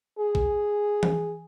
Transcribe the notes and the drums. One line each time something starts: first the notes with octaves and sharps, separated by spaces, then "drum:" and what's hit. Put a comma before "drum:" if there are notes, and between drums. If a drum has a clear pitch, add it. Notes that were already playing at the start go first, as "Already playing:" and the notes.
G#4
drum: kick A1
drum: tom E3